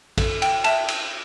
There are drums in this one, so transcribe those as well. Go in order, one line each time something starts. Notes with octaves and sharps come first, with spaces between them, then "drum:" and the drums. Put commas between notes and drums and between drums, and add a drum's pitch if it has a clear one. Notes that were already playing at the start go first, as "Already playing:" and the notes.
A4, drum: kick, cymbal
G5, drum: cymbal
E5 G5 A5, drum: cymbal
drum: cymbal